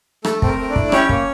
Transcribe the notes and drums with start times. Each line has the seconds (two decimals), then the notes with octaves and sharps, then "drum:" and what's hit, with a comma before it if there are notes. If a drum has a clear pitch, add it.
0.25 A3 A4, drum: rim click
0.42 C4 A4, drum: kick
0.48 A#4
0.58 A3
0.70 D4 D5
0.76 E4, drum: kick
0.92 C#4 G4 C#5, drum: rim click
1.09 A#3, drum: kick